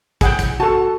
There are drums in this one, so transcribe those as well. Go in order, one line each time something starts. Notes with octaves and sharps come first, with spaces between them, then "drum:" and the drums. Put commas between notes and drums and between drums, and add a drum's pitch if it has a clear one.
E4 G#4 F#5 G5, drum: kick, hi-hat
drum: kick, hi-hat
F#4 A4 A5